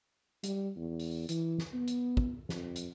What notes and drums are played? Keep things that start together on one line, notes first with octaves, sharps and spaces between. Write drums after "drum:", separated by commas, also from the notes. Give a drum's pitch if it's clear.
G3, drum: hi-hat
E2
drum: open hi-hat
E3, drum: hi-hat
drum: snare
B3
drum: hi-hat
drum: kick
F2, drum: snare
drum: hi-hat